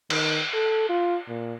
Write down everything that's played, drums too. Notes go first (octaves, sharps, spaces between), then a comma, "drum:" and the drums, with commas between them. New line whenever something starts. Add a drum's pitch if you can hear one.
D#3, drum: cymbal
A4
F4
A#2